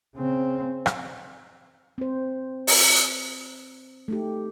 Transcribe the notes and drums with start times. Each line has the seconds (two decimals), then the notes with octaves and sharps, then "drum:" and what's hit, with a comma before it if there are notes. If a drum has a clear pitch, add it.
0.16 C#3 C4
0.86 drum: rim click
1.98 C4 C5
2.67 drum: open hi-hat
4.08 A3 D#4 G4